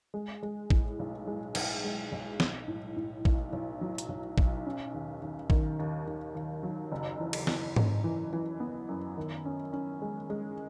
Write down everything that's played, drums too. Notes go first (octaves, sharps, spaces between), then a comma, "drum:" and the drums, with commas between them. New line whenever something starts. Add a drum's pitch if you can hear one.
G#3
G#3
A2, drum: kick
B1
G#3
B1, drum: cymbal
G#3
B1
B1, drum: snare
A2
A2
B1, drum: kick
B1
F#3
drum: hi-hat
B1
B1, drum: kick
C#4
D#2
D#2
D#3, drum: kick
D#2
D#2
D#2
F#3
F#1
E3
drum: cymbal
E3, drum: snare
F#2, drum: tom G#2
E3
E3
B3
F#2
D#3
C#4
C#4
G#3
G#3